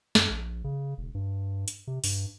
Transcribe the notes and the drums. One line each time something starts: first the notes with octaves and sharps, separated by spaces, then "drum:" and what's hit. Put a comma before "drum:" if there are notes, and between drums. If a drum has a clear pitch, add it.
F#2, drum: snare
A#1
C#3
E1
G2
drum: hi-hat
C3
G2, drum: open hi-hat